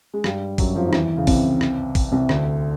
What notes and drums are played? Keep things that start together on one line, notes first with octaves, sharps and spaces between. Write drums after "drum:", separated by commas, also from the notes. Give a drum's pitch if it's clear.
G#3
G2 G3, drum: rim click
F#2 F#3, drum: kick, open hi-hat
F2 F3
D#3
E2 E3, drum: rim click
C#3
C2 C3, drum: kick, open hi-hat
drum: rim click
drum: kick, open hi-hat
C2 C3
D2 D3, drum: rim click